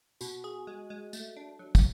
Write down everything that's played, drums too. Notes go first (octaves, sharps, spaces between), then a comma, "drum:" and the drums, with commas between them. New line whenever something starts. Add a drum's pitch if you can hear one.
B2 F#4, drum: tambourine
G#4
G#3
G#3
A3, drum: tambourine
D4
F#3
drum: kick, tambourine